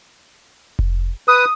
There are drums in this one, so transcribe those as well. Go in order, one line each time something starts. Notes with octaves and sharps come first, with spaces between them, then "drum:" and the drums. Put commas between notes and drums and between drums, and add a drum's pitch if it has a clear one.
drum: kick F1
B4 D#6